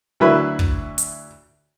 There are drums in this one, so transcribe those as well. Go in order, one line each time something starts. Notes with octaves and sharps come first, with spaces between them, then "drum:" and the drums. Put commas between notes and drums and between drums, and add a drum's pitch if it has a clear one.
D2 F#3 E4 B4 B5
drum: kick
drum: hi-hat